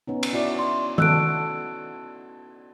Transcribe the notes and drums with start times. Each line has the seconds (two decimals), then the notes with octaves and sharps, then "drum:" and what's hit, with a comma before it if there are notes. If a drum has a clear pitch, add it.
0.07 B3 C#4 D#4
0.23 drum: cymbal
0.33 E4 F#4 D5
0.59 C6
0.98 F#4 A4 E6 F#6 D7, drum: tom D#3